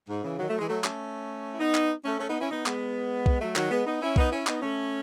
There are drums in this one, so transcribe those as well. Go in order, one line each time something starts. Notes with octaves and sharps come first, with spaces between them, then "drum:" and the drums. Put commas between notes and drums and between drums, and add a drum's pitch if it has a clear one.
G#2
C#3 E3
D#3 F#3
F#3 A3
E3 G#3
F#3 A3
A3 C#4, drum: clap
E4
B3 D#4
drum: clap
A3 C#4
A3 C#4
B3 D#4
C#4 E4
B3 D#4
G#3 B3, drum: clap
drum: kick B1
F#3 A3
D#3 F#3, drum: clap
G#3 B3
B3 D#4
C#4 E4
B3 D#4, drum: kick B1
C#4 E4
B3 D#4, drum: clap
A3 C#4